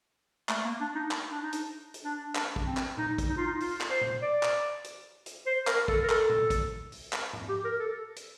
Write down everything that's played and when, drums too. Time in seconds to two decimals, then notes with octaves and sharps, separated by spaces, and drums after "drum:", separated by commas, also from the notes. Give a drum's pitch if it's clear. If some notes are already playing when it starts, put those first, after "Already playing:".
0.49 A3, drum: clap
0.65 A#3
0.80 D4
0.95 D#4
1.11 drum: clap
1.31 D4
1.42 D#4
1.52 drum: hi-hat
1.94 drum: hi-hat
2.05 D4
2.35 D4, drum: clap
2.56 drum: kick
2.66 C4
2.77 drum: clap
2.98 D#4, drum: tom A#2
3.18 drum: kick, hi-hat
3.29 D#4
3.37 F4
3.46 D#4
3.60 F4, drum: open hi-hat
3.81 drum: clap
3.90 C5
4.01 drum: tom A#2
4.22 D5
4.43 drum: clap
4.84 drum: hi-hat
5.26 drum: hi-hat
5.46 C5
5.67 A#4, drum: clap
5.88 A4, drum: kick
6.03 A#4
6.09 A4, drum: clap
6.30 drum: tom A#2
6.50 drum: kick, hi-hat
6.92 drum: open hi-hat
7.13 drum: clap
7.33 drum: tom G#2
7.49 G4
7.65 A#4
7.80 A4
8.16 drum: hi-hat